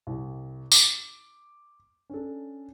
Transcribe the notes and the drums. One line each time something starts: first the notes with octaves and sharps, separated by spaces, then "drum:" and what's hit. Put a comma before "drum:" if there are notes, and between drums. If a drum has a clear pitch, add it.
C2
D6, drum: tambourine
C#4 D4 A4